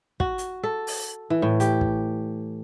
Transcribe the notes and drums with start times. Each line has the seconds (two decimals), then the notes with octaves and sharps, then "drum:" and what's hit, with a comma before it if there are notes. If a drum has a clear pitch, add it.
0.20 F#4, drum: kick
0.38 drum: hi-hat
0.63 A4
0.87 drum: open hi-hat
1.30 E3
1.42 A2
1.60 G4, drum: hi-hat
1.81 drum: kick